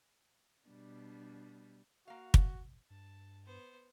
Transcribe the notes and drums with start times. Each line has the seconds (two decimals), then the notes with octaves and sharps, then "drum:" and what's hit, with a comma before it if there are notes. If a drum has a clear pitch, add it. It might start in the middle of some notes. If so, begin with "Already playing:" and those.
0.68 B2 G3 D4
2.08 A#3 F#4 F5
2.34 drum: kick
2.90 G2 A5
3.45 B3 C5